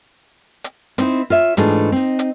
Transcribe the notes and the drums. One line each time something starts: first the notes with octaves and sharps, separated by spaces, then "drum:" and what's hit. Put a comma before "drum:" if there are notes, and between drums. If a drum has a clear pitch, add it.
drum: hi-hat
C4 D#4 E4, drum: hi-hat
F4 C#5 E5
G#2 E3 A3 D4 F4 G#4, drum: hi-hat
C4 D#4
drum: hi-hat